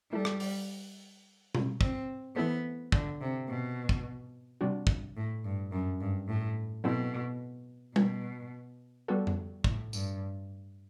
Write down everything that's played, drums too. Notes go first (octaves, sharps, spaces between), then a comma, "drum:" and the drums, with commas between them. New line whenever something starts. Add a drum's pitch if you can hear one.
G3 A3 E4 A4
drum: rim click
drum: open hi-hat
drum: tom B2
C4, drum: kick
E3 A3 B3 E4 A4 C5
D3, drum: kick
C3
B2
drum: kick
C3 G3 D4 F#4
drum: kick
A2
G2
F#2
G2
A2
B2 F#3 C4 E4 A4
B2, drum: tom G3
G3 B3 F#4 A4
drum: tom F2
A2, drum: kick
G2, drum: tambourine